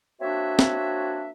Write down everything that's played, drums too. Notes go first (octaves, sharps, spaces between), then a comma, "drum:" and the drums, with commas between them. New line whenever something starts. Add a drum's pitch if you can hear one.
A#3 C4 D4 F#4 C#5 E5
drum: snare